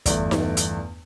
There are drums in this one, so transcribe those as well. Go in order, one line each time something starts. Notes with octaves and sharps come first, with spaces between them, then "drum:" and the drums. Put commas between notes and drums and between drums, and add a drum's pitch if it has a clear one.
G1 E2 A3 D5, drum: kick, hi-hat
drum: snare D#4
drum: hi-hat